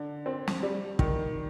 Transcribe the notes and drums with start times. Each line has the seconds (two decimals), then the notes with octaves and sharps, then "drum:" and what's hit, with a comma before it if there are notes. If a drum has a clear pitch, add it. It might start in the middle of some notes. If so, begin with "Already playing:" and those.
Already playing: D3
0.26 C4
0.48 drum: snare
0.62 G3
0.99 D#3, drum: kick